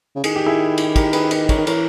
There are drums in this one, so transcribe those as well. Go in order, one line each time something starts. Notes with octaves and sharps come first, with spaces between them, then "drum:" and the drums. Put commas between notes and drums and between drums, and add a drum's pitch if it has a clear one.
C#3
D#3 G#4, drum: cymbal
G4
E4 G#4
drum: cymbal
G4 A#4, drum: kick, cymbal
G#4 B4, drum: cymbal
B4 D#5, drum: cymbal
A#4 C#5, drum: kick, cymbal
D#3
E3 A#4 C#5, drum: cymbal